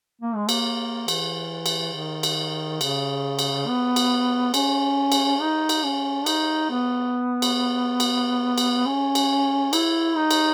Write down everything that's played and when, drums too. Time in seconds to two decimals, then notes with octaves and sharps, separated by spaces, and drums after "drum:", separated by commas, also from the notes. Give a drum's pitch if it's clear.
0.22 A#3
0.35 G#3
0.49 A#3, drum: cymbal
1.08 E3, drum: cymbal
1.66 drum: cymbal
1.94 D#3
2.23 drum: cymbal
2.81 C#3, drum: cymbal
3.39 drum: cymbal
3.67 B3
3.96 drum: cymbal
4.54 C#4, drum: cymbal
5.12 drum: cymbal
5.40 D#4
5.69 drum: cymbal
5.84 C#4
6.26 D#4, drum: cymbal
6.70 B3
7.42 drum: cymbal
8.00 drum: cymbal
8.58 drum: cymbal
8.86 C#4
9.15 drum: cymbal
9.73 E4, drum: cymbal
10.16 D#4
10.31 drum: cymbal